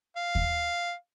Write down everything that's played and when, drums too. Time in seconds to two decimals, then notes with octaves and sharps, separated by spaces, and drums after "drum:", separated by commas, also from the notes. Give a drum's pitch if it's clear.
0.16 F5
0.35 drum: kick D#2